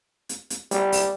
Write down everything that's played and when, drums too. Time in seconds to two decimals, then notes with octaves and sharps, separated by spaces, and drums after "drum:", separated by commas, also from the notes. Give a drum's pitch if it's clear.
0.29 drum: hi-hat
0.50 drum: hi-hat
0.71 G3, drum: hi-hat
0.92 drum: open hi-hat